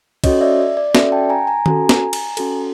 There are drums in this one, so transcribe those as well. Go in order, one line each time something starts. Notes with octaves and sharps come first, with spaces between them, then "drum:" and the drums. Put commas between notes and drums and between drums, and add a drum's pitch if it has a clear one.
C#4 F#4 A4 C#5 D#5, drum: kick, cymbal
D5 E5
D5
C#4 F#4 A4 D5 E5, drum: snare
G5 A5
G#5 A#5
G#5 A#5
C#4 F#4 A4, drum: tom
drum: snare
drum: cymbal
C#4 F#4 A4, drum: cymbal